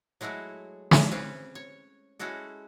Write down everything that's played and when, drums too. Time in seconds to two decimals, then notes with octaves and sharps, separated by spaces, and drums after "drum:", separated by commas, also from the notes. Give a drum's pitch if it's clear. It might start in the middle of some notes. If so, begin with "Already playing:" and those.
0.21 F#3 G#3 A3 E4 F#4
0.91 drum: snare
1.11 C4 C#4 B4
1.55 C#5
2.19 G#3 C#4 E4 F#4 A4